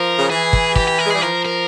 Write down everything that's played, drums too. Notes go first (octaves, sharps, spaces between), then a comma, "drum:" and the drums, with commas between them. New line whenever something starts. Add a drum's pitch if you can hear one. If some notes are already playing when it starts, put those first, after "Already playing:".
Already playing: F3 A#4
C#3
E3 G#4
drum: kick
G4, drum: kick
G4
A#4
G#3
G3 G#4
F3 A#4
A#4